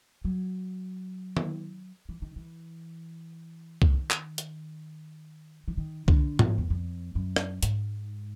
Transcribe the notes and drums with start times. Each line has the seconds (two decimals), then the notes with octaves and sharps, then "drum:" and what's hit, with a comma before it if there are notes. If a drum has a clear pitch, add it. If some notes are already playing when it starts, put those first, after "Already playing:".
0.24 F#3
1.37 drum: tom D#3
2.09 E3
2.22 D#3
2.36 E3
3.82 drum: kick C2
3.93 D#3
4.11 drum: clap
4.38 drum: hi-hat
5.68 E3
5.77 D#3
6.08 D3, drum: kick C2
6.39 G#2, drum: tom A2
6.58 E2
6.70 F2
7.15 F#2
7.36 drum: rim click
7.63 G#2, drum: hi-hat